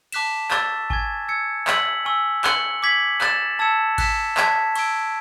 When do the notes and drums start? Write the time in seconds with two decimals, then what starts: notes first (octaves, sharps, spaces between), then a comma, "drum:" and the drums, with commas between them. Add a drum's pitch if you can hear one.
0.12 A5 D6 F#6 B6 E7, drum: cymbal
0.51 C#6 E6 A6, drum: clap
0.90 G#5 C#6 G#6, drum: kick G#1
1.28 E6 G#6 C#7
1.67 E6 B6 F#7, drum: clap
2.05 G#5 C#6 E6
2.44 C#6 F#6 C#7 F#7, drum: clap
2.83 D6 G#6 B6 F#7
3.21 F#6 A6 E7, drum: clap
3.59 A5 E6 G#6 C#7 E7
3.98 F#6 B6 E7, drum: kick G#1, cymbal
4.37 A5 C#6 G#6 B6, drum: clap
4.75 C#6 E6 G#6 D7, drum: cymbal